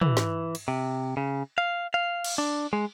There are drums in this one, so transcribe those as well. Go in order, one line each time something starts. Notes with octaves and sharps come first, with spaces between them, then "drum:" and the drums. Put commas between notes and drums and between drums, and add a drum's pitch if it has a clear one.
E3, drum: tom
drum: snare
drum: cymbal
C3
C#3
F5
F5
drum: cymbal
D4
G#3